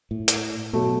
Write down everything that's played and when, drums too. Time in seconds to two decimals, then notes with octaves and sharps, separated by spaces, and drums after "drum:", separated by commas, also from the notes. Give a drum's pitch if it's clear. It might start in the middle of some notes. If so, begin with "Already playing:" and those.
0.11 A2
0.28 drum: hi-hat
0.73 B2 F#3 A3